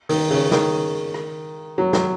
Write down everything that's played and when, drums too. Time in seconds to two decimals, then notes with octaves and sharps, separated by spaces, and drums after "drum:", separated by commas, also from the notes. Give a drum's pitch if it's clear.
0.09 D#3, drum: open hi-hat
0.30 C#3, drum: open hi-hat
0.51 D#3, drum: snare
1.14 drum: rim click
1.78 F#3
1.93 F#3, drum: snare